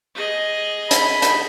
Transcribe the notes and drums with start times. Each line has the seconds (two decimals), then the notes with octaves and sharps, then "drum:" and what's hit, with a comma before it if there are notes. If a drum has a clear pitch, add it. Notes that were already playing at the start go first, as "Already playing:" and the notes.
0.15 G#4 D#5
0.91 B5, drum: hi-hat
1.22 drum: hi-hat